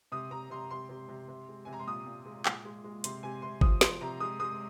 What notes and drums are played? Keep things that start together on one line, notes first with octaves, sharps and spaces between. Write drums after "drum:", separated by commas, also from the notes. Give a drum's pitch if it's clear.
C3 D#6
C3 A#5
C3 C6
C3 C6
C3
C3
C3
G#3
C3 G#5
A#5
C6
A#2 D#6
A#2
G#3
A#2, drum: clap
G#3
G#3
C3 C6, drum: hi-hat
C3 G#5
C3 C6
F3 D#6, drum: kick
F3 C6, drum: snare
C3 A#5
G#3 D#6
G#3 D#6